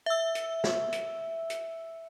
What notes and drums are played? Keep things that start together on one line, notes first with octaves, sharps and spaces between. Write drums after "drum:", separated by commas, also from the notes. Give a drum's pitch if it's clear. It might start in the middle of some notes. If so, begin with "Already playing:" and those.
E5 E6
drum: hi-hat
drum: snare
drum: hi-hat
drum: hi-hat